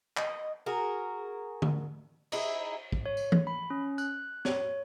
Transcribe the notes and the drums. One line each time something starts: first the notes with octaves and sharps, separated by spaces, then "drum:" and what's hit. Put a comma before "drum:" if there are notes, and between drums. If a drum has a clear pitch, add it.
D#5, drum: clap
F#4 G#4 A#4
drum: tom D3
D#4 E4 G#4, drum: cymbal
drum: kick
C#5
drum: tambourine
drum: tom E3
B5
C#4
F#6, drum: tambourine
C#5, drum: snare